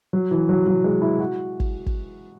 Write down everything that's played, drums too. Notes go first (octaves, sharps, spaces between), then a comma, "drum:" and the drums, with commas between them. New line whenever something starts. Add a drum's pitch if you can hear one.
F#3
E3
F#3
F#3
G#3
E4
F#4
drum: kick
drum: kick